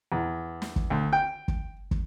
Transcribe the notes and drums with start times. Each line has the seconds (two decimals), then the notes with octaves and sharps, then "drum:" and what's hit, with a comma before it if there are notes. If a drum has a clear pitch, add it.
0.12 E2
0.62 drum: snare
0.76 drum: kick
0.90 D2
1.13 G5
1.48 drum: kick
1.91 drum: kick